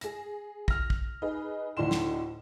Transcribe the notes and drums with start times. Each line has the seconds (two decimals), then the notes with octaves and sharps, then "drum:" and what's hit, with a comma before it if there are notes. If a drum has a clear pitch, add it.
0.01 G#4 A#6, drum: hi-hat
0.68 F6 A#6, drum: kick
0.90 drum: kick
1.22 D#4 G#4 B4 D#5
1.77 D2 A2 D4 D#4 C6 E7
1.91 drum: snare